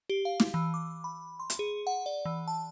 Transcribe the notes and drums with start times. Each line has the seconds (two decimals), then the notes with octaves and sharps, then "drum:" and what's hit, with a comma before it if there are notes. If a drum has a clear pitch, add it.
0.09 G4
0.25 F5
0.40 drum: snare
0.54 E3
0.74 D6
1.04 B5
1.40 C6
1.50 drum: hi-hat
1.59 G#4
1.87 F#5
2.06 D5
2.25 E3
2.48 A5